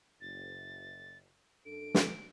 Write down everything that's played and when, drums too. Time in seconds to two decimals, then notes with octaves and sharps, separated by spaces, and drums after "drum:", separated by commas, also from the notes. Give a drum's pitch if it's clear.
0.21 F#1 A6
1.65 F#2 D4 A4 D7
1.95 drum: snare